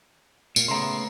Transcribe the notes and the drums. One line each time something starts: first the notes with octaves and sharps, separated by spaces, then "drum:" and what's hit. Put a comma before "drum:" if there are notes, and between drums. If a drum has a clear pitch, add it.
A#2, drum: tambourine
C#3 A3 B3 A#5 C6